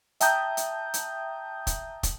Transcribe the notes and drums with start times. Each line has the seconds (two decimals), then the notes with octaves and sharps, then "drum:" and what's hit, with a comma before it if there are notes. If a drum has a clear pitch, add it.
0.20 E5 G5 A5 A#5 D#6 G6, drum: hi-hat
0.57 drum: hi-hat
0.94 drum: hi-hat
1.67 drum: kick, hi-hat
2.03 drum: kick, hi-hat